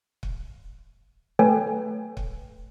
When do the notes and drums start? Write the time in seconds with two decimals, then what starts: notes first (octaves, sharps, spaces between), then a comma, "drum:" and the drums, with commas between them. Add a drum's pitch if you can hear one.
0.23 drum: kick
1.39 A3 A4 B4 C#5 G5 G#5
2.17 drum: kick